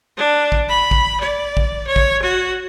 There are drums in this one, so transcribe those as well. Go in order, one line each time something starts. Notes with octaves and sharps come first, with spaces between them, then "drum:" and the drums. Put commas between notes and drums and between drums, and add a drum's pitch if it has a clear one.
D4
drum: kick
B5
drum: kick
D5
drum: kick
C#5
drum: kick
F#4